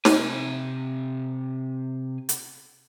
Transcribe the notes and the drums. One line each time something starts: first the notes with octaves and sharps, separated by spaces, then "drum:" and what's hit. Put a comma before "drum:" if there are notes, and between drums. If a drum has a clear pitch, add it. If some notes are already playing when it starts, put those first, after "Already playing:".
C3 G#5, drum: snare
drum: hi-hat